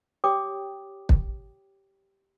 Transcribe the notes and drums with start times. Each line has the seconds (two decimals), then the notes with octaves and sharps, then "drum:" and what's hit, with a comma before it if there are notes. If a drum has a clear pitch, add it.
0.24 G4 C#5 G5 D6 D#6
1.09 drum: kick